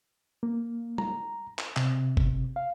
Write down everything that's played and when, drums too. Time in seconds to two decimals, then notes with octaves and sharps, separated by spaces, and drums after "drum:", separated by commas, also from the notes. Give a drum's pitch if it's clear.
0.43 A#3
0.98 A#5, drum: tom
1.59 drum: clap
1.76 C3, drum: clap
2.17 drum: kick
2.56 F5